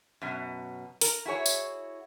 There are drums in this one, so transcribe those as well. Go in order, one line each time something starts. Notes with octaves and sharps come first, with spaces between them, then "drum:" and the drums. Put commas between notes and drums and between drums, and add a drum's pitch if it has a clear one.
F#2 B2
A#4, drum: open hi-hat
E4 F#4 G#4 C#5
drum: tambourine